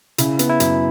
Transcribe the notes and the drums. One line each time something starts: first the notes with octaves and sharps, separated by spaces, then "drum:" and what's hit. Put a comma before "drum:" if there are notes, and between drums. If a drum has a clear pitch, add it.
C#3 E4, drum: hi-hat
B3, drum: hi-hat
E4
F#2, drum: hi-hat